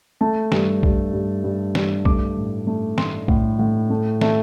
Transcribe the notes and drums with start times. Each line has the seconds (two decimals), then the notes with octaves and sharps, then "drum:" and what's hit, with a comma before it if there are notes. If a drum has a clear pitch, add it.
0.21 A3 A5
0.52 G2, drum: snare
0.83 G2, drum: kick B1
1.13 G2
1.44 G2
1.75 G2, drum: snare
2.05 A3 D6, drum: kick B1
2.37 A2
2.67 A3
2.98 A3 C6, drum: snare
3.28 A2, drum: kick B1
3.59 A2
3.90 A3
4.21 A3, drum: snare